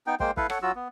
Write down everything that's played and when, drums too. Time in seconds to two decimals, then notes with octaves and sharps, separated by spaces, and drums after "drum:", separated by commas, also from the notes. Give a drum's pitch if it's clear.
0.07 B3 D#4 G5
0.20 G#3 A#3 C5 G5, drum: kick
0.37 E4 A4 B4 F5, drum: kick
0.50 A4 C#5 F#5, drum: rim click
0.62 F#3 F4 F#4 E6
0.76 B3